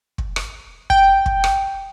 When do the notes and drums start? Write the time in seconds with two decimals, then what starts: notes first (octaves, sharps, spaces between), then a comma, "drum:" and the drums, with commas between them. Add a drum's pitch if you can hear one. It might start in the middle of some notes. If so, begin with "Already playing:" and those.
0.18 drum: kick
0.36 drum: rim click
0.90 G5, drum: kick
1.26 drum: kick
1.44 drum: rim click